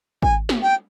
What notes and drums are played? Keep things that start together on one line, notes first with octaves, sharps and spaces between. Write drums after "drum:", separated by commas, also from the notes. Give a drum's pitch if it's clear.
G#5, drum: kick G#1
drum: snare
G5